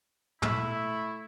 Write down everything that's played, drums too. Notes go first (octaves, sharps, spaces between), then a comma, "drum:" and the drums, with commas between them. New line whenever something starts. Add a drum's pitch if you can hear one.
A3 E4 E6, drum: tom